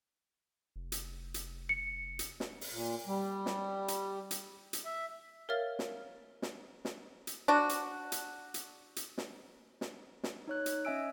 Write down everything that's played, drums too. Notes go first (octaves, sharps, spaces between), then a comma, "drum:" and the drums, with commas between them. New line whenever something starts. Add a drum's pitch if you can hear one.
F1
drum: hi-hat
drum: hi-hat
C#7
drum: hi-hat
drum: snare
drum: open hi-hat
A#2
G3
drum: snare
drum: hi-hat
drum: hi-hat
drum: hi-hat
E5
A#4 C#5 E5 F5 F6 A6
drum: snare
drum: snare
drum: snare
drum: hi-hat
D4 F#4
drum: hi-hat
drum: hi-hat
drum: hi-hat
drum: hi-hat
drum: snare
drum: snare
drum: snare
D#4 C#5 F#6
drum: hi-hat
C#4 D#5 E5 G#5 E6 D7